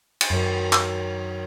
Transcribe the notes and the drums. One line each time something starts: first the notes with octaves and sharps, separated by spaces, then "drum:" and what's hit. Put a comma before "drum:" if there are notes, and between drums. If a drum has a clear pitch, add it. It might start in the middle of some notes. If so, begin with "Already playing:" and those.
drum: cymbal
F#2 D#3 F#3
drum: clap